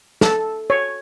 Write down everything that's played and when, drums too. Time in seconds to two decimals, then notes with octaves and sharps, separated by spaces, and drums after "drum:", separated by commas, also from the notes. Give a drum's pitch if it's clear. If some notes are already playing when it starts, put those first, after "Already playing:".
0.21 A4, drum: snare
0.70 C#5